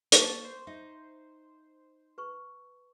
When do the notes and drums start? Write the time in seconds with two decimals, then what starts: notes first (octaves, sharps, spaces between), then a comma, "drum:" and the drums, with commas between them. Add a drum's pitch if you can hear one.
0.12 A#3 A5 C#6 D6, drum: hi-hat
0.45 C5
0.67 D#4 E5
2.18 B4 C#6